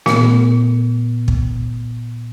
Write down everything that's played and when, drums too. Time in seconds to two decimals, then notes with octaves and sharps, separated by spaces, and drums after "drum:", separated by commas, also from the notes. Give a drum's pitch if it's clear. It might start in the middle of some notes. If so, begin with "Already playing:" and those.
0.06 A#2 B3, drum: snare
1.28 drum: kick